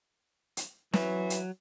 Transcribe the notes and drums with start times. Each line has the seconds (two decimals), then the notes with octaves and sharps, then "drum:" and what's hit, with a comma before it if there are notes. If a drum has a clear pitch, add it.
0.57 drum: hi-hat
0.94 E3 F#3, drum: snare
1.30 drum: hi-hat